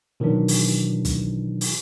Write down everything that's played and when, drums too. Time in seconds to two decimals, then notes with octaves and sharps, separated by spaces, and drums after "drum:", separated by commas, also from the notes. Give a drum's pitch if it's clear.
0.20 B2 D#3 E3 F#3 D4
0.48 drum: open hi-hat
1.05 drum: kick, hi-hat
1.61 drum: open hi-hat